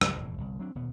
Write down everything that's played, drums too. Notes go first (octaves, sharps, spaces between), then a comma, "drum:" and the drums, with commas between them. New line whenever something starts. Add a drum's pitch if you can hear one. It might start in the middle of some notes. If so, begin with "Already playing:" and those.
C#2 G2, drum: rim click
E1 F2 A2
G1 C2
F#3 C4 D4
D#1 D2 B2 B3